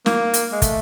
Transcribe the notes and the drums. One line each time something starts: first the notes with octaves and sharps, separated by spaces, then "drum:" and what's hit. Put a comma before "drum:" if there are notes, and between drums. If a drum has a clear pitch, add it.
A#3, drum: snare
drum: hi-hat
G#3
A3, drum: kick, hi-hat